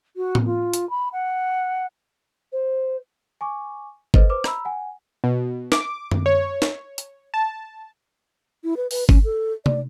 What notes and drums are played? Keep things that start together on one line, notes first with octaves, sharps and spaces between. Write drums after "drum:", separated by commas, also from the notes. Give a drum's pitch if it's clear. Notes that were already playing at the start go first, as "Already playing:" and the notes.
F#4
drum: tom A2
F4
drum: hi-hat
B5
F#5
C5
G#5 C#6 D6
A4 B4 C5 D#5, drum: kick G1
B4 C5 D6
A#5 B5 E6, drum: rim click
F#5 G#5
B2
D6, drum: snare
drum: tom F#2
C#5
drum: snare
drum: hi-hat
A5
E4
B4
B4, drum: open hi-hat
C#4, drum: kick G1
A4
D5, drum: tom C3